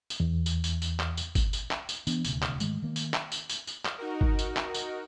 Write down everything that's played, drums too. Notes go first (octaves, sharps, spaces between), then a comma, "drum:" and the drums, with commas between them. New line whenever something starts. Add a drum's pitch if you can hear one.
drum: tambourine
E2
drum: tambourine
drum: tambourine
drum: tambourine
drum: clap
drum: tambourine
drum: kick, tambourine
drum: tambourine
drum: clap
drum: tambourine
E3 B3 D4, drum: tambourine
D#1 D2 C3, drum: tambourine
drum: clap
G#2 D#3 G#3 A3, drum: tambourine
D#3 A#3
drum: tambourine
drum: clap
drum: tambourine
drum: tambourine
drum: tambourine
drum: clap
D#4 F#4 A#4
drum: kick
drum: tambourine
drum: clap
drum: tambourine